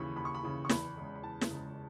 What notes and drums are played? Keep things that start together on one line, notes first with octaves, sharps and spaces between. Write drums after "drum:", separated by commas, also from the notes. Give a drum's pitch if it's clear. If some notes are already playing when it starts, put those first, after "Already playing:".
Already playing: D#2 C#3 E3 B5 C#6
D#2 B5
C#6
B5
C#3 E3
C#6
E2 B5, drum: snare
C#3 G#3
B5
E2 A5
drum: snare
C#3 G#3